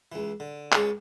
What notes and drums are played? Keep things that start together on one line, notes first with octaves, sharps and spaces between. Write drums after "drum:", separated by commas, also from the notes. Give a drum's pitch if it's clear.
C#2 E3
D3
C#2 G#3 C#5 A5, drum: clap